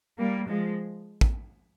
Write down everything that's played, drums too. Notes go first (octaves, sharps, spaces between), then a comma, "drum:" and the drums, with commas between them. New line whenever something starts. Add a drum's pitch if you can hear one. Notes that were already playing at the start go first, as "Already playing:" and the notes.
G3 A#3
F3 G#3
drum: kick